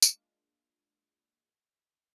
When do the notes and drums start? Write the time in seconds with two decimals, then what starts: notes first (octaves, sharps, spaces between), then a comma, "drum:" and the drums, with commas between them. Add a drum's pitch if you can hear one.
0.02 G#3 A#3 D4 F4, drum: tambourine